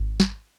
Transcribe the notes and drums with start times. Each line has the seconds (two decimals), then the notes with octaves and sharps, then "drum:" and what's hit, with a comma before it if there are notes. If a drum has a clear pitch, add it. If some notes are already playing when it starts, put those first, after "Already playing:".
Already playing: G#1
0.20 drum: snare